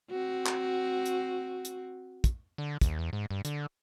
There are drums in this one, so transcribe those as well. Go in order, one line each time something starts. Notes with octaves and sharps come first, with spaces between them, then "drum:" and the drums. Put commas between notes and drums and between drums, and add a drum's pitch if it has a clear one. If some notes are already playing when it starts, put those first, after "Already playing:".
C4 F#4
drum: clap
drum: hi-hat
drum: hi-hat
drum: kick, hi-hat
D3
D#2, drum: kick, hi-hat
E2
G#2
G2
D3, drum: hi-hat